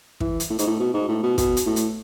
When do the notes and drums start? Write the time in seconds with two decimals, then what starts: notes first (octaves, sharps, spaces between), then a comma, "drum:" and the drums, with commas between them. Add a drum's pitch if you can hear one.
0.20 E3, drum: kick
0.40 drum: hi-hat
0.50 A2
0.59 G#2, drum: hi-hat
0.67 A2
0.79 B2
0.94 G#2
1.09 A2
1.23 B2
1.38 B2, drum: kick, hi-hat
1.57 drum: hi-hat
1.66 A2
1.76 drum: hi-hat